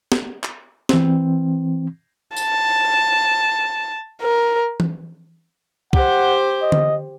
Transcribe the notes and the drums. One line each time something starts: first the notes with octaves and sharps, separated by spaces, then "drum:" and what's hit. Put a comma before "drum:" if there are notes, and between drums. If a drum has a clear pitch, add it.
drum: snare
drum: clap
E3 C4, drum: snare
A5, drum: tambourine
A#4
drum: tom E3
G4 C5 F#5, drum: kick
D#5
drum: tom D3